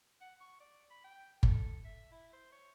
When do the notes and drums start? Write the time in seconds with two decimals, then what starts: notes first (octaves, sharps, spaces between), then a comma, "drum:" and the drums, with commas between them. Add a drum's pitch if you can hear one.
0.21 F#5
0.41 C#6
0.60 D5
0.90 B5
1.04 G5
1.43 A4, drum: kick G1
1.85 E5
2.12 E4
2.33 C5
2.52 C#5